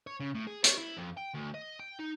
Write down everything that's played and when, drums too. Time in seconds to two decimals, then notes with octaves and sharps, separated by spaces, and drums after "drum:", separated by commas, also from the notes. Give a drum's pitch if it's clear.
0.07 C#5
0.20 C#3
0.35 A2
0.47 G#4
0.64 C#5, drum: hi-hat
0.79 E4
0.98 F2
1.17 G5
1.35 D2
1.55 D#5
1.79 G5
1.99 D#4